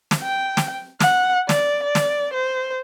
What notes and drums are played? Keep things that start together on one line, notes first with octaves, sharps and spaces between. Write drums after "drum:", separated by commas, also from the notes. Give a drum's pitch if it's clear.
drum: snare
G5
drum: snare
F#5, drum: snare
D5, drum: snare
D5
drum: snare
C5